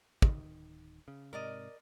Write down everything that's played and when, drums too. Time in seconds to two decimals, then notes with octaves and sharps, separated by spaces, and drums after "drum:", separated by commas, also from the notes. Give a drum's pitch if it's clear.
0.22 D1 D#3, drum: kick
1.08 C#3
1.33 G#2 C3 A#4 D5 D#5